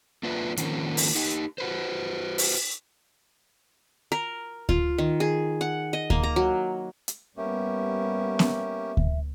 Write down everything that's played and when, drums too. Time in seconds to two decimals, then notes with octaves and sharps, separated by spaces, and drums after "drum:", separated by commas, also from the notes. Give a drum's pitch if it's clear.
0.23 A#3 D4 F4 B4 E5
0.57 D#3 F3 A#3 C4 C#4, drum: hi-hat
0.97 drum: open hi-hat
1.15 D#4 G4
1.58 F#4 B4 C5
2.38 drum: open hi-hat
4.12 A#4
4.69 F4, drum: kick D2
4.98 D#3
5.20 G#4
5.61 F#5
5.93 D#5
6.10 A#3, drum: kick D2
6.23 A#5
6.36 F#3
7.08 drum: hi-hat
7.37 G3 A#3 B3 C#4 G4 E5
8.39 drum: snare B3
8.97 drum: kick D2